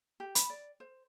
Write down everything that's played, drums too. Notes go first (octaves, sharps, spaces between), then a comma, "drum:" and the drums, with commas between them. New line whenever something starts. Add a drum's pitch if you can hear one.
G4
B5, drum: hi-hat
D5
C5